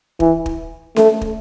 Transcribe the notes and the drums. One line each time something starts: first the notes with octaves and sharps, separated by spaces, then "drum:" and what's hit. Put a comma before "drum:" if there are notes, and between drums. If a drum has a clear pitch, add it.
E3, drum: kick
drum: kick
A3, drum: snare C#4
drum: kick